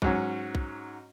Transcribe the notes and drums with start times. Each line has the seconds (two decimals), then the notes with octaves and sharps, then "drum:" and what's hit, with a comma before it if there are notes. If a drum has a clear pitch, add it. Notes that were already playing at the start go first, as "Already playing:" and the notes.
0.02 G#2 F#3 C#4, drum: kick
0.55 drum: kick